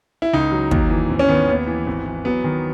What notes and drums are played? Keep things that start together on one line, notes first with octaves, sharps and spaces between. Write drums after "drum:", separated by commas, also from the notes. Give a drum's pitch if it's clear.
E4
C#2 D#4
F#3
D#2, drum: kick
E3
G#1
C#4
D#3 B3
D#2
E3
G#1
E3
F#3 B3
D#3